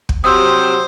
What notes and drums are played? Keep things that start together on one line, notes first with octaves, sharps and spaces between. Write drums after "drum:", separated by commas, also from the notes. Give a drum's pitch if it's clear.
drum: kick
C3 F#3 G4 C5 D#6 E6